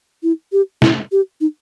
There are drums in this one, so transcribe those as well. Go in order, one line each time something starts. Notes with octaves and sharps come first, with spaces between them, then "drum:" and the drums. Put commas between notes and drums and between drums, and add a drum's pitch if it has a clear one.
E4
G4
E4, drum: snare
G4
D#4